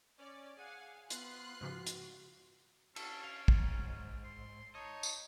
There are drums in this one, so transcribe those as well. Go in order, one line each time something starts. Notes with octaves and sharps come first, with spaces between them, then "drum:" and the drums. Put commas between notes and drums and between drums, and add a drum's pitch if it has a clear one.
C#4 D5
G#4 F5 F#5 G#5
B3 C4 F4 B4 C6 F#6 C7, drum: hi-hat
G#2 C#3 F3 F#4
drum: hi-hat
C#4 A4, drum: cymbal
F5
G#2, drum: kick
C6
D#4 C#5 D#5 A5
drum: tambourine